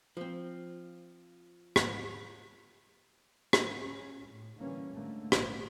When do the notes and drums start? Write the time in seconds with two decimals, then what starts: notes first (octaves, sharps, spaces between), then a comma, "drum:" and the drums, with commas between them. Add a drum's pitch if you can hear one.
0.17 F3 C4
1.76 drum: rim click
3.53 drum: rim click
3.83 C#4
4.25 A2
4.57 D3 E3 G3 A#3 C#4
4.93 G#2 D3 A3 A#3
5.32 A#1, drum: rim click